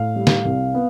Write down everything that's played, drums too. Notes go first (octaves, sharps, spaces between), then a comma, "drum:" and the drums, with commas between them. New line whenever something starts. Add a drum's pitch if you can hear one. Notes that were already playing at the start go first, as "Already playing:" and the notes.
Already playing: A2 F5
G3
drum: snare
C2
B3